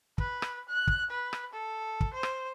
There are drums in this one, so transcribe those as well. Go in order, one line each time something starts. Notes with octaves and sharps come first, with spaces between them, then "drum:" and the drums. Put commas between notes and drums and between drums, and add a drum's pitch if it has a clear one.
B4, drum: kick
drum: rim click
F#6
drum: kick
B4
drum: rim click
A4
drum: kick
C5
drum: rim click